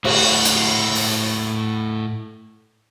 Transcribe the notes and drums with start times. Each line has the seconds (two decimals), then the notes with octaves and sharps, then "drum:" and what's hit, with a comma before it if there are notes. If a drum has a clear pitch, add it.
0.04 A2 F#4, drum: cymbal
0.45 drum: hi-hat
0.95 drum: open hi-hat